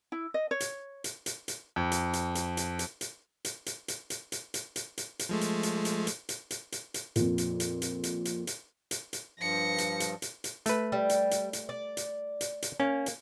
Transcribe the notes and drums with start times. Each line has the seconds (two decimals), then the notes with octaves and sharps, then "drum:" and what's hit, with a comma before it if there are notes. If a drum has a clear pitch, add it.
0.12 E4
0.34 D#5
0.51 C#5
0.60 drum: hi-hat
1.04 drum: hi-hat
1.26 drum: hi-hat
1.48 drum: hi-hat
1.76 F2
1.92 drum: hi-hat
2.13 drum: hi-hat
2.35 drum: hi-hat
2.57 drum: hi-hat
2.79 drum: hi-hat
3.01 drum: hi-hat
3.45 drum: hi-hat
3.66 drum: hi-hat
3.88 drum: hi-hat
4.10 drum: hi-hat
4.32 drum: hi-hat
4.54 drum: hi-hat
4.76 drum: hi-hat
4.98 drum: hi-hat
5.19 drum: hi-hat
5.29 F3 G#3 A3
5.41 drum: hi-hat
5.63 drum: hi-hat
5.85 drum: hi-hat
6.07 drum: hi-hat
6.29 drum: hi-hat
6.51 drum: hi-hat
6.72 drum: hi-hat
6.94 drum: hi-hat
7.16 F2 A#2, drum: hi-hat
7.38 drum: hi-hat
7.60 drum: hi-hat
7.82 drum: hi-hat
8.04 drum: hi-hat
8.25 drum: hi-hat
8.47 drum: hi-hat
8.91 drum: hi-hat
9.13 drum: hi-hat
9.39 G2 F3 A#6 C#7
9.78 drum: hi-hat
10.00 drum: hi-hat
10.22 drum: hi-hat
10.44 drum: hi-hat
10.66 A3 B4, drum: hi-hat
10.92 G3
11.09 drum: hi-hat
11.31 drum: hi-hat
11.53 drum: hi-hat
11.69 D5
11.97 drum: hi-hat
12.41 drum: hi-hat
12.62 drum: hi-hat
12.80 A#3 C#4
13.06 drum: hi-hat